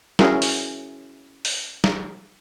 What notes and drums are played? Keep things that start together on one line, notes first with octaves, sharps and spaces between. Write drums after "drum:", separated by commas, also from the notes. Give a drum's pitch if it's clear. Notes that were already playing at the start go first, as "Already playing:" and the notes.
C#4 E4 F#4 G#4 A#4, drum: snare
drum: open hi-hat
drum: open hi-hat
drum: snare